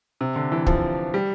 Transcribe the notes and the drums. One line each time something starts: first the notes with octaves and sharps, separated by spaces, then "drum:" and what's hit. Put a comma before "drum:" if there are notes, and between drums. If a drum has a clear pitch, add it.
C3
D3
E3
F3, drum: kick
G3